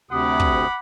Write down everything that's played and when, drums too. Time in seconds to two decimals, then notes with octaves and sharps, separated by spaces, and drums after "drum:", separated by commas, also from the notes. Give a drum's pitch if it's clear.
0.11 D2 C3 F#5 B5 D6 D#6
0.40 drum: kick